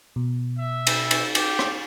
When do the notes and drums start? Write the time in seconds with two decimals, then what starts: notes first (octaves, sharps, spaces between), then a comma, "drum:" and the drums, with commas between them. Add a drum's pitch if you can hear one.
0.16 B2
0.58 E5
0.87 drum: cymbal
1.11 drum: cymbal
1.35 G4, drum: cymbal
1.59 drum: rim click